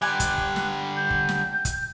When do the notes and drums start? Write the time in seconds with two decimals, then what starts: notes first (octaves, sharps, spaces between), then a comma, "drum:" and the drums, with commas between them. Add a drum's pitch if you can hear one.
0.02 D3 G3 G4 D5 G#5 F#6
0.20 drum: kick, hi-hat
0.38 drum: kick
0.56 drum: snare
0.97 G6
1.10 drum: kick
1.29 drum: snare
1.65 drum: kick, hi-hat